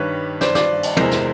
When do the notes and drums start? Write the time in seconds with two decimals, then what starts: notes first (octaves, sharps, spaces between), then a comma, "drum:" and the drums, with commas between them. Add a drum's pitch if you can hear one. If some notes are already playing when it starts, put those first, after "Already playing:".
Already playing: G2 D#3 G3 B4 C#5
0.41 C5 D5, drum: snare
0.55 C5 D5, drum: snare
0.83 drum: cymbal
0.97 E2 C3 E3 G#3 A#4 C5, drum: tom
1.11 drum: snare